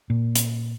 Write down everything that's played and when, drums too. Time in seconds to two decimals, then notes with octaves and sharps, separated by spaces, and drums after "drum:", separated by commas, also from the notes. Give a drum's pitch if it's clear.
0.10 A#2
0.36 drum: hi-hat